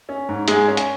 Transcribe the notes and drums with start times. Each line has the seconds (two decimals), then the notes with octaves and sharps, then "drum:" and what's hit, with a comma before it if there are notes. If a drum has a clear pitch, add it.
0.09 C#4
0.29 G#2
0.48 G#3 G#4, drum: hi-hat
0.68 C#4
0.77 drum: hi-hat